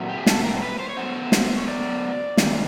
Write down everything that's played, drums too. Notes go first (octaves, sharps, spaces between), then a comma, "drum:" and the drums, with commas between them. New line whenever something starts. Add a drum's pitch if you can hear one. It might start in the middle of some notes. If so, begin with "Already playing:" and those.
Already playing: A#2 F#3 A3 C4
G4
G#4
A4, drum: snare
A#4
C5
B4
C5
C#5
F#2 D3 F#3 B3 C5
drum: snare
C#5
D5
C3 D#3 G#3, drum: snare